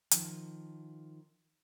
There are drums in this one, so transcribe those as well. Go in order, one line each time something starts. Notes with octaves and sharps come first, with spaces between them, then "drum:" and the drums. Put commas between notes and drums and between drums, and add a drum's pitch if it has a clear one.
D#3 F3, drum: hi-hat